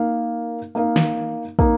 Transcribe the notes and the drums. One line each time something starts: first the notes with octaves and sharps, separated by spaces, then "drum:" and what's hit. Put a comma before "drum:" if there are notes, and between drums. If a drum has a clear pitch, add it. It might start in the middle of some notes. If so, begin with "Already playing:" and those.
Already playing: A#3 D#4 A#4 F5
A#3 D#4 A#4 F5
drum: snare
A#3 D#4 A#4, drum: kick